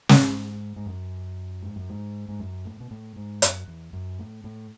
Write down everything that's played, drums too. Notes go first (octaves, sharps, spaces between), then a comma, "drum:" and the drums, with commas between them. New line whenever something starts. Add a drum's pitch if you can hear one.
G#2, drum: snare
G#2
F#2
G#2
F#2
G#2
G#2
F#2
A2
B2
A2
G#2
F#2, drum: hi-hat
E2
F#2
A2
A2